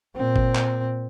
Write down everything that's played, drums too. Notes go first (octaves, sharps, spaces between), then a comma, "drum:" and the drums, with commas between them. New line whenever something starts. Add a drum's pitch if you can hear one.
A#2 C4
drum: kick G1
drum: clap